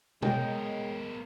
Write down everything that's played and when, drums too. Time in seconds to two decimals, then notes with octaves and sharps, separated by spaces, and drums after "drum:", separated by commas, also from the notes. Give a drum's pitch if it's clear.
0.22 G#3 B3 A#4 C#5 D#5 G5, drum: tom B2